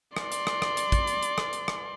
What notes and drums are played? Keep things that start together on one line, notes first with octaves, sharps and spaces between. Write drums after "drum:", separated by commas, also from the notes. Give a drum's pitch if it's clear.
D5 C6, drum: rim click
drum: hi-hat
drum: rim click
drum: rim click
drum: hi-hat
drum: kick, hi-hat
drum: hi-hat
drum: hi-hat
drum: rim click
drum: hi-hat
drum: rim click